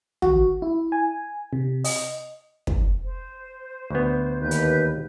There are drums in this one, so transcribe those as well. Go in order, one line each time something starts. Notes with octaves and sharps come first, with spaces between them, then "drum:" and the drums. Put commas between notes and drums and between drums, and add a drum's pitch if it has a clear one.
F#4, drum: tom
E4
G#5
C3
D#5, drum: open hi-hat
drum: kick
C5
D2 B3
D#2 B4 G6
drum: hi-hat